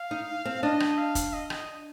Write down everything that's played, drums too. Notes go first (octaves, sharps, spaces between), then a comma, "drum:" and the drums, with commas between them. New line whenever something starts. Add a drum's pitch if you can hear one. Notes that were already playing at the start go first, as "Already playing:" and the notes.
Already playing: F5
D#4
C4
D4 D#5
drum: rim click
F5
drum: kick, hi-hat
D#5
drum: rim click